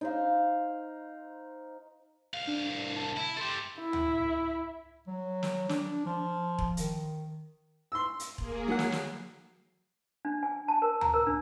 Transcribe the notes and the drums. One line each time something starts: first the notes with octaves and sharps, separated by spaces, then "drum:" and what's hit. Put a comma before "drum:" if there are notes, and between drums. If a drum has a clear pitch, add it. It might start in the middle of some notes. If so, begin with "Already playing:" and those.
D#4 C5 F5
C2 F5
D4
A5
E4
G4 A4 C6
E4
drum: tom D2
F#3
drum: snare
D4, drum: snare
F3
drum: kick E1
D#3, drum: hi-hat
C6 E6
drum: hi-hat
A#3 G#4, drum: kick E1
F#3 F#5 C7
drum: snare
drum: snare
D4
G#5
A5
A#4
A#5, drum: tom D2
A#4
D4